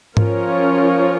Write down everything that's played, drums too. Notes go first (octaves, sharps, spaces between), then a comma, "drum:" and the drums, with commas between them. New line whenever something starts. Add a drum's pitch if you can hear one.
F3 C#4 F4 A#4 C#5, drum: tom G#2